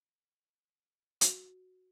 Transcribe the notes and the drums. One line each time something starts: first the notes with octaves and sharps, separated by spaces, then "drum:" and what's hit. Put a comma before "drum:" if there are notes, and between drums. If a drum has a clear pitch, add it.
F#4, drum: hi-hat